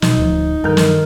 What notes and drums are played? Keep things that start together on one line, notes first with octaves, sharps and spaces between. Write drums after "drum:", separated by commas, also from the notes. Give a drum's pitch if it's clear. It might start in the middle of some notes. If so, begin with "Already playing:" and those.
B2 D#4, drum: snare
D1 F3
G2 D#3 F#3 A#4
drum: snare